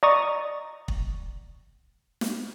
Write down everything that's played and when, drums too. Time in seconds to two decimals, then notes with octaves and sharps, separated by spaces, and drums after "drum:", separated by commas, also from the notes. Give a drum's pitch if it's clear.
0.03 D5 D#5 A#5 C#6 D#6 A6
0.88 drum: kick
2.21 drum: snare